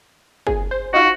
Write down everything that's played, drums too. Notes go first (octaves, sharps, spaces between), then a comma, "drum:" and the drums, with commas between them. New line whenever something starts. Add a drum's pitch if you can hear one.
G#4, drum: kick
C5
D#4 F4 F#4